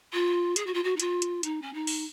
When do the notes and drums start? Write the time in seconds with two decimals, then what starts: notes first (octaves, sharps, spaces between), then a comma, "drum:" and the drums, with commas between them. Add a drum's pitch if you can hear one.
0.12 F4
0.56 G#4, drum: hi-hat
0.66 F#4
0.73 F4
0.83 F#4
0.96 D#4
1.00 F4, drum: hi-hat
1.22 drum: hi-hat
1.43 D#4, drum: hi-hat
1.61 C#4
1.73 D#4
1.87 drum: open hi-hat